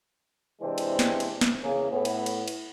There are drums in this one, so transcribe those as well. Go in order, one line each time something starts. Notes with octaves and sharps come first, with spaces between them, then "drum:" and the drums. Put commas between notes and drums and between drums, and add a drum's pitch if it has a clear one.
C3 E3 G#3 C4 D4
drum: cymbal
drum: snare
drum: cymbal
drum: snare
E2 C#3 A#3 G#4
A2 B3
drum: cymbal
drum: cymbal
drum: cymbal